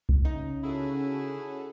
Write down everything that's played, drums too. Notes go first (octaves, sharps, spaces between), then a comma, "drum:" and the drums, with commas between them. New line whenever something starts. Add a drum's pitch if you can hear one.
drum: kick C2
C#3 D#4
C#4 E4 F#4 G#4 A4